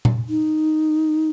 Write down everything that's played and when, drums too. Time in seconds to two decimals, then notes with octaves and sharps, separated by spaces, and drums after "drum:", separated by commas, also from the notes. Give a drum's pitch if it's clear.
0.05 drum: tom A#2
0.29 D#4